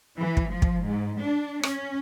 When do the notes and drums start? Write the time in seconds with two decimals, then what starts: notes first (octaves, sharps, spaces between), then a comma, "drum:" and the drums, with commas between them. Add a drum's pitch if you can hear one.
0.19 E3
0.37 drum: kick
0.50 F3
0.62 drum: kick
0.86 G#2
1.21 D4
1.63 C#4, drum: rim click